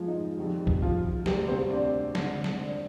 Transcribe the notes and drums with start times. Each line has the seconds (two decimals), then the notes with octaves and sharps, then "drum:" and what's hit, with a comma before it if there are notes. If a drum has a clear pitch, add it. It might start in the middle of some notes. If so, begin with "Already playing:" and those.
Already playing: G#2 D#3 F3 G3 G#3 C4 F4 G#4
0.08 D#4
0.37 F2 D#3 G3
0.67 drum: kick B1
0.82 F3 F4
1.26 D2 C3 G3 C4 G4, drum: snare
1.48 C4 C5
1.70 D4 D5
2.15 G2 D3 G#3 C4, drum: snare
2.44 drum: snare
2.59 D4 D5